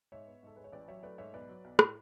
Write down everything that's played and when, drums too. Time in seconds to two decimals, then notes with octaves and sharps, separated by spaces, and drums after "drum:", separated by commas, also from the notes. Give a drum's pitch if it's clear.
0.12 G#2 C#5 E5
0.27 B3
0.43 G#2 A4
0.56 G#3 B4
0.64 C#5
0.72 A1 B4 D5
0.88 F#3 C#5 E5
1.03 A3 B4 D5
1.18 G#2 C#5 E5
1.33 B1 B4 D5
1.49 F#3
1.64 B1
1.79 A2, drum: rim click